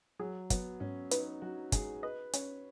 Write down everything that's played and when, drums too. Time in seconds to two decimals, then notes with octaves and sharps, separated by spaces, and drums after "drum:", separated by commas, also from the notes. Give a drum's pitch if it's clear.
0.19 F#3 G#4
0.50 F#3 B3, drum: kick, hi-hat
0.80 G#2 C#4
1.11 D#4 B4, drum: hi-hat
1.42 F#3 F#4
1.72 G#2 G#4, drum: kick, hi-hat
2.03 B4 D#5
2.33 C#4 C#5, drum: hi-hat